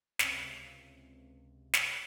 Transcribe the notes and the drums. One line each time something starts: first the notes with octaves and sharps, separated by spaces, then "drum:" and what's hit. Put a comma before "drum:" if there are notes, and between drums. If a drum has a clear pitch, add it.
C#2 C3, drum: snare
drum: snare